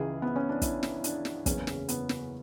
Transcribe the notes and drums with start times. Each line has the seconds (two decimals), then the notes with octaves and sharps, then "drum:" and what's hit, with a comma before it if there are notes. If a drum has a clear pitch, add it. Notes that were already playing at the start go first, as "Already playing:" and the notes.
Already playing: C#2 C#3 E3 G#4
0.22 B3
0.36 C#4
0.49 D4
0.62 E4, drum: kick, hi-hat
0.83 drum: snare
1.04 D4, drum: hi-hat
1.25 drum: snare
1.46 F#1 E2 C#3 C#4, drum: kick, hi-hat
1.67 drum: snare
1.89 B3, drum: hi-hat
2.09 drum: snare